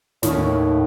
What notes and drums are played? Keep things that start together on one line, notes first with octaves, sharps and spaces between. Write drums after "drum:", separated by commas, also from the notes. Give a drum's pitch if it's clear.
D#2 A2 C#5, drum: snare